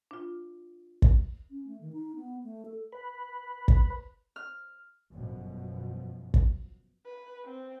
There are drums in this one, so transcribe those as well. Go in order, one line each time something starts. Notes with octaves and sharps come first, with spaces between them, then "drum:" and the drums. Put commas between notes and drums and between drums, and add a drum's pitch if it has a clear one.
D4 F4
drum: kick
C#4
A3
D#3
D#4
B3
A3
A4
B4
drum: kick
F6
G1 F#2 B2 F3
drum: kick
B4
C4